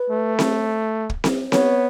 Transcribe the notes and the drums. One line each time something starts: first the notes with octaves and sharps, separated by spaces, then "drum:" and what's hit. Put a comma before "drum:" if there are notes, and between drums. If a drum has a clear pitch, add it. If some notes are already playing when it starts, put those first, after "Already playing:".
Already playing: B4
A3
drum: snare C4
drum: kick
drum: snare C4
B3 C#5, drum: snare C4